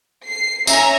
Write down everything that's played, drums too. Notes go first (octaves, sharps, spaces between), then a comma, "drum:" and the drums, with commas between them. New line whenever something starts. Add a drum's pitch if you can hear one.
C7
C#4 E5 A#5, drum: tambourine